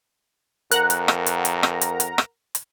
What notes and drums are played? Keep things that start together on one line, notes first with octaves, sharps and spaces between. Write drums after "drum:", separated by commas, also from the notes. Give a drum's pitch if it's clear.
F2 A#4 F#5 A#5 F#6, drum: hi-hat
drum: hi-hat
drum: rim click
drum: hi-hat
drum: hi-hat
drum: rim click
drum: hi-hat
drum: hi-hat
drum: rim click
drum: hi-hat